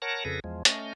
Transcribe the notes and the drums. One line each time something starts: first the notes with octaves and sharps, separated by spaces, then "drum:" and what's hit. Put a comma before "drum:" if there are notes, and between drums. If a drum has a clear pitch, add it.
A#4 C#5 F#5 A5 A#6
F2 C#3 G#4 A4 B4 A#6
E2 F3 G#3
A3 C#4 D#5 F6 G6, drum: hi-hat